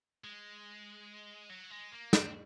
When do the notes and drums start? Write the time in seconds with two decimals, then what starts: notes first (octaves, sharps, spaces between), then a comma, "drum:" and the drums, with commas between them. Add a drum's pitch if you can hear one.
0.24 G#3
1.50 F#3
1.71 G#3
1.92 A#3
2.13 C4, drum: snare